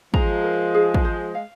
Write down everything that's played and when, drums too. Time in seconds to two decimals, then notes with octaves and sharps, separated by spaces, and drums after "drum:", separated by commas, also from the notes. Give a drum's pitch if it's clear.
0.14 F3 G#3 A#5, drum: kick
0.44 A#4
0.74 G#4
0.94 drum: kick
1.05 C5
1.35 F5